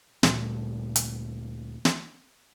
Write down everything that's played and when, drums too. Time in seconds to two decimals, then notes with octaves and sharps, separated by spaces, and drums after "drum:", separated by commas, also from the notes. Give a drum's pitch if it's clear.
0.23 D2 A#2 G3 A3, drum: snare
0.96 drum: hi-hat
1.85 drum: snare